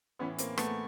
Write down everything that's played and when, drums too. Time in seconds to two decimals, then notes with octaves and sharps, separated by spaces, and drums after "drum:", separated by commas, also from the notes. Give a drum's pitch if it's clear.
0.19 A2 E3 B3 C#4
0.38 A#3 C4, drum: hi-hat
0.58 A3 B3, drum: rim click